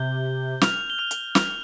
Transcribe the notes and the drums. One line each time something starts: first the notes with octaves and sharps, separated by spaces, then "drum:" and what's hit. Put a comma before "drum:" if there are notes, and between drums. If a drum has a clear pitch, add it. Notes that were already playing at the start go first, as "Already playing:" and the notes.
Already playing: C3 G6 G7
F6 F7, drum: snare
G7
F6 F7
drum: hi-hat
F6 F7, drum: snare